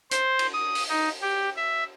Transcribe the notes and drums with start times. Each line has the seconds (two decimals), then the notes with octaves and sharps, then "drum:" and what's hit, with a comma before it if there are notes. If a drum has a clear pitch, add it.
0.11 C5, drum: hi-hat
0.39 drum: cymbal
0.53 D#6
0.75 drum: open hi-hat
0.89 D#4
1.22 G4
1.57 E5